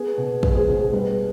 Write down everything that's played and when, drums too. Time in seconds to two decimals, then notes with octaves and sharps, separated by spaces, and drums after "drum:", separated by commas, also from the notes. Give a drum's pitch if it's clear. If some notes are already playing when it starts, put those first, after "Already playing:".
Already playing: B3 G#4
0.17 B2
0.43 G#3 B4, drum: kick
0.55 G#4 C5
0.67 B2 B4
0.80 G#4
0.93 G3 B4